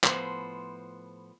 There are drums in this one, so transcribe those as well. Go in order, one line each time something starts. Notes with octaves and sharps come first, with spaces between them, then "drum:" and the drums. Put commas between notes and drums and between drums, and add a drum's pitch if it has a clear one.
A2 F3 B3 C5, drum: clap